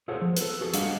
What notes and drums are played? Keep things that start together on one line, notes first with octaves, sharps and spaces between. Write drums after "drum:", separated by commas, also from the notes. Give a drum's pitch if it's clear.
F4 G#4 A4 C5 C#5 F#5
F3
A4 B4, drum: hi-hat
F#4 G#4 A4
G3 D4 G4 D#5 F5 F#5, drum: hi-hat